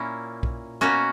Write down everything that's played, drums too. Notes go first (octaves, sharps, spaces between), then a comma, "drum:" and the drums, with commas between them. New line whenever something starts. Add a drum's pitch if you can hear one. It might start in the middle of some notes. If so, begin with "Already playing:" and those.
Already playing: A#2 A#3 C#4 E4
drum: kick B1
B2 A#3 C#4 F#4